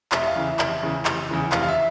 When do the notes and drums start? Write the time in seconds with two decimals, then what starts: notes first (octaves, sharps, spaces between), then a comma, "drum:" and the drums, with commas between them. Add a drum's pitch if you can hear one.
0.12 F1 E5, drum: clap
0.28 F5
0.36 E2 C#3 E3
0.44 E5
0.59 F1, drum: clap
0.82 E2 C#3 E3
1.05 F1, drum: clap
1.29 E2 C#3 E3
1.52 F1 F5, drum: clap
1.63 F5
1.68 E5